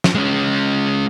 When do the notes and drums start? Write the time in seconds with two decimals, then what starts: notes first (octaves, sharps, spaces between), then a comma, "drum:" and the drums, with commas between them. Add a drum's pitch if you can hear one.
0.04 drum: snare
0.15 G#3 C#4